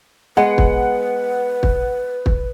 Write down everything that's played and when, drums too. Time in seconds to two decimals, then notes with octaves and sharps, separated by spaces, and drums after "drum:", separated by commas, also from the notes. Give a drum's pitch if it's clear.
0.37 G#3 B3 B4 F#5
0.58 drum: kick
1.63 drum: kick
2.26 drum: kick